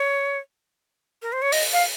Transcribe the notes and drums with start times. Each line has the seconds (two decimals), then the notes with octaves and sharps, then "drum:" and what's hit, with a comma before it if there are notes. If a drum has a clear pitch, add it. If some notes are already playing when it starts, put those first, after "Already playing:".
Already playing: C#5
1.22 A#4
1.33 C5
1.42 C#5
1.52 D#5, drum: open hi-hat
1.73 F5